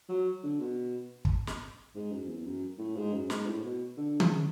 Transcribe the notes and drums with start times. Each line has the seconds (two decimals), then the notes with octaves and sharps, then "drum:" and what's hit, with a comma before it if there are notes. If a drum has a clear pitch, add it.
0.09 F#3
0.43 D3
0.60 B2
1.25 drum: kick
1.47 drum: snare
1.95 G#2
2.11 F#2
2.28 E2
2.46 F#2
2.78 A2
2.96 G#2
3.13 F#2
3.30 G#2, drum: snare
3.46 A2
3.63 B2
3.97 D3
4.20 C#3, drum: tom D#3